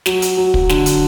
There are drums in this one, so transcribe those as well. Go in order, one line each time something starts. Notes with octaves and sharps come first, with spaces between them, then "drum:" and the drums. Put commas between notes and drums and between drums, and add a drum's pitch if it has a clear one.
F#3, drum: snare
drum: hi-hat
F#3
drum: kick
D3, drum: snare
drum: hi-hat